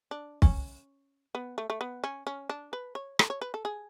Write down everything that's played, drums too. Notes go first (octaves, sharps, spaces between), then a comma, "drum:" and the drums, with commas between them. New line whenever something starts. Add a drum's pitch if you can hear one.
D4
C#4, drum: kick
B3
A3
A3
B3
C#4
C#4
D4
B4
C#5
A4, drum: rim click
C#5
B4
A4
G#4